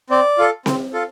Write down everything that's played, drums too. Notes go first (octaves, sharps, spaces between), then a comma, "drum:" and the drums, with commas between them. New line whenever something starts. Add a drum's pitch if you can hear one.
C4 D5
F4 A4
C4, drum: snare C4
F4 A4